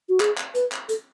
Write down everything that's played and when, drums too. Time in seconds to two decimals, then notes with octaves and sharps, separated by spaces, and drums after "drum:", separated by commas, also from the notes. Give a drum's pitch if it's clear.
0.09 F#4
0.20 G#4, drum: clap
0.37 drum: clap
0.55 B4, drum: hi-hat
0.72 drum: clap
0.89 A4, drum: hi-hat